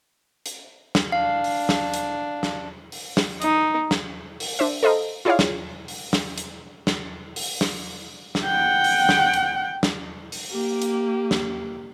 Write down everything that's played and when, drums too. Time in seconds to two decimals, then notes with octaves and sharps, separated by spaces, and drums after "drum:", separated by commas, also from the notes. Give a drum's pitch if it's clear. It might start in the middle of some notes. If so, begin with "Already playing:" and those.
0.46 drum: hi-hat
0.95 drum: snare
1.12 D4 F5
1.44 drum: open hi-hat
1.69 drum: snare
1.94 drum: hi-hat
2.43 drum: snare
2.92 drum: open hi-hat
3.17 drum: snare
3.42 D#4, drum: hi-hat
3.91 drum: snare
4.40 drum: open hi-hat
4.59 D4 C5 E5
4.83 A4 C5 D#5 F5 A#5
5.25 E4 F4 G#4 C#5 D5 F5
5.39 drum: snare
5.88 drum: open hi-hat
6.13 drum: snare
6.38 drum: hi-hat
6.87 drum: snare
7.36 drum: open hi-hat
7.61 drum: snare
8.35 drum: snare
8.46 F#5 G5
8.84 drum: open hi-hat
9.09 drum: snare
9.34 drum: hi-hat
9.83 drum: snare
10.32 drum: open hi-hat
10.52 A#3 G4
10.82 drum: hi-hat
11.31 drum: snare